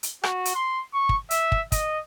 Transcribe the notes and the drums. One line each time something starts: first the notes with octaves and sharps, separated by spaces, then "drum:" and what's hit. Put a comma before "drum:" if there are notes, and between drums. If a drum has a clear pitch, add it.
drum: hi-hat
F#4, drum: rim click
drum: hi-hat
C6
C#6
drum: kick
E5, drum: hi-hat
drum: kick
D#5, drum: kick, hi-hat